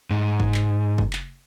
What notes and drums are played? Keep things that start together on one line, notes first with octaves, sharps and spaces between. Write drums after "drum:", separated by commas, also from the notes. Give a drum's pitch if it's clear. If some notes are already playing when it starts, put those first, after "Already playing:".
G#2
drum: kick
drum: clap
drum: kick
drum: clap